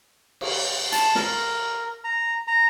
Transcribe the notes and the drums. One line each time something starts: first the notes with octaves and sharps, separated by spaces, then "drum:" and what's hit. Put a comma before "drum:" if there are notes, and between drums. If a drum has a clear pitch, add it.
drum: cymbal
A5, drum: hi-hat
A#4, drum: snare
A#5
A#5